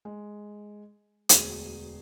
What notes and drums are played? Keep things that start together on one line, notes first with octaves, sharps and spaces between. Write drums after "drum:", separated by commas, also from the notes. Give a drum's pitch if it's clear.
G#3
E1 D2 G#4 D#7, drum: hi-hat